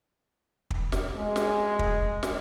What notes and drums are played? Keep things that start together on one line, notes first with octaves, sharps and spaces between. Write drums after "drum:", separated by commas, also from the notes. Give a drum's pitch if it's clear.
drum: kick
drum: snare
G#3
drum: snare
drum: kick
drum: snare